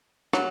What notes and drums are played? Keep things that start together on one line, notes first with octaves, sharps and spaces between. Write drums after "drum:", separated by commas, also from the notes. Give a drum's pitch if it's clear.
F#3, drum: rim click